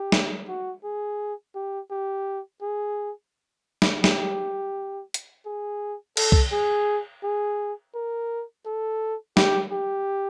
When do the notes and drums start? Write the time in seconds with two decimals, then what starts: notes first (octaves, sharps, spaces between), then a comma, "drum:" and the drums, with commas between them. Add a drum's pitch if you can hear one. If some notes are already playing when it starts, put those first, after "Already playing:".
Already playing: G4
0.12 drum: snare
0.48 F#4
0.84 G#4
1.55 G4
1.91 G4
2.62 G#4
3.82 drum: snare
4.04 G4, drum: snare
5.14 drum: hi-hat
5.46 G#4
6.17 A4, drum: cymbal
6.32 drum: kick C2
6.52 G#4
7.23 G#4
7.95 A#4
8.66 A4
9.37 G4, drum: snare
9.72 G4